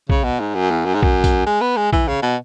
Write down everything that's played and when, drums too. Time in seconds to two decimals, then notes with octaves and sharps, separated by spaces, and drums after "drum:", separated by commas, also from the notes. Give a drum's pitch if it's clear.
0.09 C#3, drum: kick
0.24 B2
0.40 G#2
0.55 F#2
0.71 E2
0.85 F#2
0.95 G#2
1.02 F#2, drum: kick
1.24 drum: kick, tambourine
1.46 G#3
1.61 B3
1.77 G#3
1.93 E3, drum: kick
2.08 C#3
2.22 B2